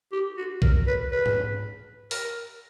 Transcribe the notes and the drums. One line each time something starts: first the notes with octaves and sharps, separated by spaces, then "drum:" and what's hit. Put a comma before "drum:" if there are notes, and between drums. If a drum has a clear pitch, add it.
G4
F#4
A#4, drum: kick A#1
B4
B4
drum: tom G#2
A#4, drum: open hi-hat